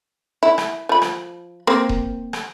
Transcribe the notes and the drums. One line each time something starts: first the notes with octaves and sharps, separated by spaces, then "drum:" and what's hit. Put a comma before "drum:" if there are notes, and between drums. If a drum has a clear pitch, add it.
E4
drum: rim click
F3 B5
drum: rim click
A#3 C4
drum: kick D#1
drum: rim click